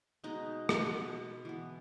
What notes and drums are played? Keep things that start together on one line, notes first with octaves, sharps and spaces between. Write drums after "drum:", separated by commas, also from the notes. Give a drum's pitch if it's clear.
B2 G#3 B3 D#4
drum: rim click
B2 G#3 B3
E3 B3